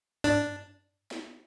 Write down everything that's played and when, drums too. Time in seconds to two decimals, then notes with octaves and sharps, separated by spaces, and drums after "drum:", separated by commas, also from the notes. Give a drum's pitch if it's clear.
0.24 D4, drum: tom G2
1.11 drum: snare